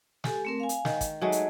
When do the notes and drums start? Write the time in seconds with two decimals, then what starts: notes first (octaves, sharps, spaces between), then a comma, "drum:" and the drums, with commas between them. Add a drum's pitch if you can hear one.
0.24 G4 A4 G#5, drum: snare
0.45 A3 C4 A#4
0.60 F5 G#5
0.69 drum: hi-hat
0.85 D#3, drum: snare
1.01 drum: kick, hi-hat
1.22 F#3 G#3 A3 D#4
1.32 drum: hi-hat